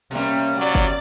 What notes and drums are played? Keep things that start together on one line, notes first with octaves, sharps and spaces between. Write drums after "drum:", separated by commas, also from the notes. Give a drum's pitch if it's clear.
C3 G3 A#3 C#4
F#3 D5
drum: kick G1